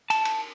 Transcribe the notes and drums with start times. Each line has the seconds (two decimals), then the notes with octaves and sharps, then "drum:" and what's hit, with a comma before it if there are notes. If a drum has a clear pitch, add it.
0.10 A5, drum: cymbal
0.25 drum: cymbal